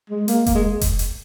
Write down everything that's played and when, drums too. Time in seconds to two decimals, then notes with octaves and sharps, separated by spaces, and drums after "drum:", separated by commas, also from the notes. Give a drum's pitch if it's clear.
0.10 G#3
0.28 A#3, drum: hi-hat
0.46 A#3, drum: kick F1, hi-hat
0.55 G#3
0.81 drum: kick F1, hi-hat
0.99 drum: hi-hat